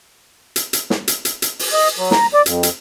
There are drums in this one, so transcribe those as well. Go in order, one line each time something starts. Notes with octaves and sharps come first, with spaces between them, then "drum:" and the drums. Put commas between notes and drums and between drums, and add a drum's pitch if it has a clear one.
drum: hi-hat
drum: hi-hat
drum: snare
drum: hi-hat
drum: hi-hat
drum: hi-hat
drum: open hi-hat
D#5
F#3
A#5, drum: snare
D5
F2, drum: hi-hat
drum: hi-hat